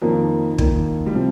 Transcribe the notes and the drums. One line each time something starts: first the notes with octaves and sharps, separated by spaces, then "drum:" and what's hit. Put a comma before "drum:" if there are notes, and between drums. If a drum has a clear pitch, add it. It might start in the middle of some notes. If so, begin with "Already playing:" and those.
F2 D#3 F3 A#3 D#4
D#3 A#3 D#4, drum: kick
G3
C3 F3